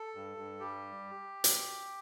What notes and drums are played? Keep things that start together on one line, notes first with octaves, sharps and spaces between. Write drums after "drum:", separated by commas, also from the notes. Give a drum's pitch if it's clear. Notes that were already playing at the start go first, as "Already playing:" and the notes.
Already playing: A4
G2
G2
G3 G4
drum: hi-hat